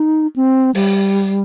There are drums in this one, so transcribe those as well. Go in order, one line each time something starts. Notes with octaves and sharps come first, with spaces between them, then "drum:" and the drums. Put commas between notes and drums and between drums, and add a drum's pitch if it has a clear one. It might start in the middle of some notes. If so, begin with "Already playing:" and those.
Already playing: D#4
C4
G3, drum: open hi-hat